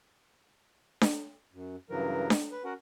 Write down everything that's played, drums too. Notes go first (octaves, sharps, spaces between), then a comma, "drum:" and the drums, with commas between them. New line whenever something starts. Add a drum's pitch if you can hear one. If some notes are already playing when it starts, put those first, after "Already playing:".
drum: snare D4
F#2
G2 C#3 E3 F#3 A#4
drum: snare D4
B4
C#4 F#4 A#4 F#5